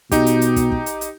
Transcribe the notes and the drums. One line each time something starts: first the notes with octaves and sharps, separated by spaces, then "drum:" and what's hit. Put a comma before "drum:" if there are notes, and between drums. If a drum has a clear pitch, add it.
B2 D#4 G4, drum: kick, hi-hat
drum: hi-hat
drum: hi-hat
drum: kick, hi-hat
drum: kick
drum: hi-hat
drum: hi-hat